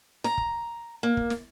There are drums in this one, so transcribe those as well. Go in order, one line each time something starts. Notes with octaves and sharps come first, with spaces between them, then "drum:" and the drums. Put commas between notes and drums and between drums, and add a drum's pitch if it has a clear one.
A#5, drum: snare
drum: kick
A#3
drum: kick
drum: snare